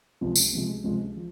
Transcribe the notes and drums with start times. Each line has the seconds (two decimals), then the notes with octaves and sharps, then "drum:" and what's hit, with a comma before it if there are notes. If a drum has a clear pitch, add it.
0.21 C#2 C3 F3 G#3
0.36 drum: tambourine
0.53 C#2 C3 F3 G#3
0.84 C#2 C3 F3 G#3
1.16 F3